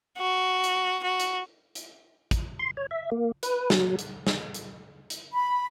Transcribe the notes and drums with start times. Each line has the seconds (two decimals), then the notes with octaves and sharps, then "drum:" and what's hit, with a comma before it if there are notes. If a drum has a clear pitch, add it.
0.18 F#4
0.64 drum: hi-hat
1.03 F#4
1.20 drum: hi-hat
1.75 drum: hi-hat
2.31 drum: kick, hi-hat
2.59 C6
2.77 C#5
2.91 E5
3.11 A#3
3.43 B4, drum: hi-hat
3.70 F#3, drum: snare
3.99 drum: hi-hat
4.27 drum: snare
4.54 drum: hi-hat
5.10 drum: hi-hat
5.33 B5